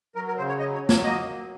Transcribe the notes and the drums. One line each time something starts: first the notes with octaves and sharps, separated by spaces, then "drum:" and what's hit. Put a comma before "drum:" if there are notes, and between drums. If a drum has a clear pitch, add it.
F#3 A#4
A#4
C#3 C5
C#5
F#3 D#5
C#5
F#3
C#5, drum: snare
A#3 D#5
F#3